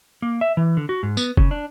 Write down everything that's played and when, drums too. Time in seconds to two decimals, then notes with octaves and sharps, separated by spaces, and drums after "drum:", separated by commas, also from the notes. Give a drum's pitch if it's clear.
0.22 A#3
0.41 E5
0.57 E3
0.77 D3
0.89 F#4
1.03 G#2
1.17 B3, drum: tambourine
1.37 C#3, drum: kick
1.51 D4